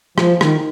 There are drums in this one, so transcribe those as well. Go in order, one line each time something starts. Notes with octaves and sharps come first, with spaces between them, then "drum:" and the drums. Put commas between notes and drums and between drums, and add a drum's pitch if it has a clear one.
F3, drum: rim click
D#3, drum: rim click